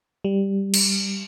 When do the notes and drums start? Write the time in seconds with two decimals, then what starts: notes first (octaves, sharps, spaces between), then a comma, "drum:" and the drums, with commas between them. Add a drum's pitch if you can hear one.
0.24 G3
0.74 drum: cymbal